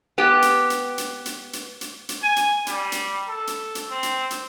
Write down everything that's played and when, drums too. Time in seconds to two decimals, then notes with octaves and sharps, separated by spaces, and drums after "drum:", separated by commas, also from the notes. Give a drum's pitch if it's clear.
0.18 B3 G4
0.42 drum: hi-hat
0.70 drum: hi-hat
0.98 drum: hi-hat
1.26 drum: hi-hat
1.53 drum: hi-hat
1.81 drum: hi-hat
2.09 drum: hi-hat
2.23 G#5
2.36 drum: hi-hat
2.67 G3, drum: hi-hat
2.92 drum: hi-hat
3.28 A4
3.47 drum: hi-hat
3.75 drum: hi-hat
3.90 C4
4.03 drum: hi-hat
4.31 drum: hi-hat